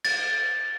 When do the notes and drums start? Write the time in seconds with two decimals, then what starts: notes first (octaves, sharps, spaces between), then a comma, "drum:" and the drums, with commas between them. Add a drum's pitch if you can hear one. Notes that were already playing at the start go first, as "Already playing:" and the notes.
0.05 A6, drum: cymbal